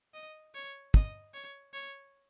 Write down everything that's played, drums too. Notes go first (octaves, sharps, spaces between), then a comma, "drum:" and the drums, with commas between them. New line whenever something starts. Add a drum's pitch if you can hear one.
D#5
C#5
D#5, drum: kick
C#5
C#5